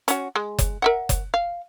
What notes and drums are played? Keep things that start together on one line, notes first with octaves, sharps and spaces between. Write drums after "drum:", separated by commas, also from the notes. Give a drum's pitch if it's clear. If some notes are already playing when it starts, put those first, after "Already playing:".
C#4 F#4, drum: hi-hat
G#3
drum: kick F#1, hi-hat
A#4 E5 F#5
drum: kick F#1, hi-hat
F5